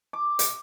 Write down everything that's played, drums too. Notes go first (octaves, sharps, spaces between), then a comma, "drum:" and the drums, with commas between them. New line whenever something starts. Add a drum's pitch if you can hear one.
D6
drum: hi-hat